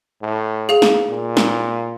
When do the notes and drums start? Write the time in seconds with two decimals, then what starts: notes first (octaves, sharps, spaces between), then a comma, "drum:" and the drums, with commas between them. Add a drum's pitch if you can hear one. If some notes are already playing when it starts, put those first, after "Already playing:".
0.22 A2
0.69 G#4 F5 F7
0.82 drum: snare
1.09 A#2
1.37 drum: snare